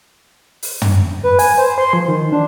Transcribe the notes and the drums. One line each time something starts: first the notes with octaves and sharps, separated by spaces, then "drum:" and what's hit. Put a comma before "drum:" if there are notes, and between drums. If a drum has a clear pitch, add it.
drum: open hi-hat
drum: tom
B4
G#5, drum: open hi-hat
C5
C6
F3
D#3
D4